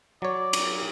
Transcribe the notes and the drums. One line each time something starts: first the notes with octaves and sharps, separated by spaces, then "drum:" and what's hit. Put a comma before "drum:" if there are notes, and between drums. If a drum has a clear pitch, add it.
F#3 C#5 D5
drum: cymbal